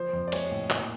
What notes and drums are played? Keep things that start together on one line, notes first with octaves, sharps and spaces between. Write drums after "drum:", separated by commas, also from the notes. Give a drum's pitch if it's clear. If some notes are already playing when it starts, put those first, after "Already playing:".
Already playing: F3 C5
F2
D5
G#3 C#5, drum: cymbal
A2
A#2, drum: clap